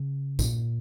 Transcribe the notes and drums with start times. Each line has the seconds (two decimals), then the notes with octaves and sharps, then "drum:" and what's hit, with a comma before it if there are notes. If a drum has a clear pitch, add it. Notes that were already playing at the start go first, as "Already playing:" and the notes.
Already playing: C#3
0.39 A#2, drum: kick, tambourine